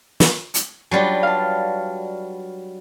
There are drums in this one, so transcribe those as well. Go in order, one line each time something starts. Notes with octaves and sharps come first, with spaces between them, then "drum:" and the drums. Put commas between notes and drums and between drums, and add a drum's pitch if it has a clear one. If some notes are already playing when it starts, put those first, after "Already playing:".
drum: snare
drum: hi-hat
F#3 G3 D4 F4 B4 A5
F5 A5